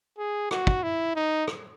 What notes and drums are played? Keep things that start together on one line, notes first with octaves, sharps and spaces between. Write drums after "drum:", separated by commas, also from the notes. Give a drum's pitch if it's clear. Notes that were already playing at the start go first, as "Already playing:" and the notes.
G#4
F#4, drum: rim click
drum: kick
E4
D#4
drum: rim click